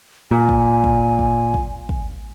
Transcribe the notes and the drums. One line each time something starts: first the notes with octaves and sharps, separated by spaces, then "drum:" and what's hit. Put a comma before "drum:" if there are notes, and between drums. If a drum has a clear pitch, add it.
A#2 G#5
drum: kick
drum: kick
drum: kick
drum: kick
drum: kick